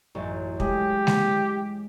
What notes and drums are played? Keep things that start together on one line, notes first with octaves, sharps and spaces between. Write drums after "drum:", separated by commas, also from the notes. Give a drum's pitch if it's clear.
A1 F#2
G#3 G4, drum: kick
drum: snare G#3